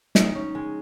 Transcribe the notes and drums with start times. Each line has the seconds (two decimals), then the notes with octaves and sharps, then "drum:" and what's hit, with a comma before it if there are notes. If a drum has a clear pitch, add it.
0.15 D#4, drum: snare
0.35 C#4
0.55 G#3